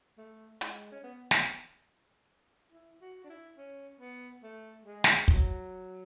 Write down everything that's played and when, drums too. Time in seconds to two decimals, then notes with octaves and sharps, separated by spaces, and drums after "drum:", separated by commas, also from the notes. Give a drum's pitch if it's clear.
0.18 A3
0.61 G#3, drum: hi-hat
0.92 C#4
1.03 B3
1.31 B3, drum: snare
2.72 E4
3.01 F#4
3.24 D4
3.29 E4
3.57 C#4
4.00 B3
4.43 A3
4.85 G#3
5.04 drum: snare
5.28 F#3, drum: kick